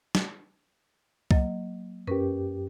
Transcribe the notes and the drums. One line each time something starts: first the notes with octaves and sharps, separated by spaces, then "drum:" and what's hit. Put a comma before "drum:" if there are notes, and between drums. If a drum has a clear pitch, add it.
drum: snare
F#3 A#3 D#5, drum: kick C2
F#2 C#4 G4 A#4 B4